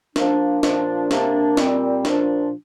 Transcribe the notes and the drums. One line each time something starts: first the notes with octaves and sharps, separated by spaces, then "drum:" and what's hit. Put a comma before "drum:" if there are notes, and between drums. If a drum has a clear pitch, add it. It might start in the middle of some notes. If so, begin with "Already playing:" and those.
F3 A#3 D4, drum: snare
A#2 F3 D4, drum: snare
C3 A#3 D4, drum: snare
A#2 G3 C4, drum: snare
A#2 F3 D4, drum: snare